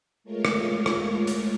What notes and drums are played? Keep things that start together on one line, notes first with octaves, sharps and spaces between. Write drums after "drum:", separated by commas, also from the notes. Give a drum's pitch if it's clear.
G#3 A3 F4 A#4 C#5
drum: rim click
drum: rim click
drum: hi-hat